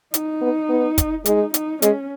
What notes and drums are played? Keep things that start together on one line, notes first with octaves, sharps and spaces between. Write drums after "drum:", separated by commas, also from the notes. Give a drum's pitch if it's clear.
D#4, drum: hi-hat
B3
B3
drum: kick, hi-hat
G#3 D#4, drum: hi-hat
D#4, drum: hi-hat
G#3 C#4, drum: hi-hat